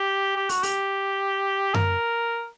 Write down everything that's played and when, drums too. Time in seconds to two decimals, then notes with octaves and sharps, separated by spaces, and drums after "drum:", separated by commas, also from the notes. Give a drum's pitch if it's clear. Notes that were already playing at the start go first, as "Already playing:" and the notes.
Already playing: G4
0.36 G4
0.49 F#4, drum: open hi-hat
0.63 G4, drum: open hi-hat
1.74 A#4, drum: tom F#2